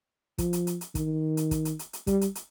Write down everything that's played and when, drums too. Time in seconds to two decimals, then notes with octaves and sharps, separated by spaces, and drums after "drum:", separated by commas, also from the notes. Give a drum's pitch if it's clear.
0.38 F3, drum: kick, hi-hat
0.53 drum: hi-hat
0.67 drum: hi-hat
0.81 drum: hi-hat
0.95 D#3, drum: kick, hi-hat
1.37 drum: hi-hat
1.51 drum: kick, hi-hat
1.65 drum: hi-hat
1.79 drum: hi-hat
1.93 drum: hi-hat
2.07 G3, drum: kick, hi-hat
2.21 drum: hi-hat
2.35 drum: hi-hat